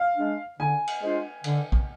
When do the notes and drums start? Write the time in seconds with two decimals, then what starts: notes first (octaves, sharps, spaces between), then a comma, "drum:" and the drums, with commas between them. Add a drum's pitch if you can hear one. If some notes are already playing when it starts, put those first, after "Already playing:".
Already playing: F5
0.17 G#3 D4
0.59 D3 G#5
0.88 drum: cymbal
1.02 G#3 D4 F4 C5
1.44 D3, drum: cymbal
1.72 drum: kick